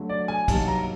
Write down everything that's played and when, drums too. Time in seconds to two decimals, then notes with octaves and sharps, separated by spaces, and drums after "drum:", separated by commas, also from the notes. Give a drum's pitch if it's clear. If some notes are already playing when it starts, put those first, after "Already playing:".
Already playing: D3 F#3 A3
0.09 D5
0.28 G#5
0.48 G2 D#3 F#3 A#3 A5, drum: kick, cymbal
0.68 A#5